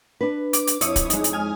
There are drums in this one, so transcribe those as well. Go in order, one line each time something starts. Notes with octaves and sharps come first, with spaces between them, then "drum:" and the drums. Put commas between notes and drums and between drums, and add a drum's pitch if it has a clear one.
D4 B4
D6, drum: hi-hat
drum: hi-hat
F2 E4 C#5 D#6, drum: hi-hat
drum: kick D1, hi-hat
G#3 D#4, drum: hi-hat
drum: hi-hat
G#5 D#6 F6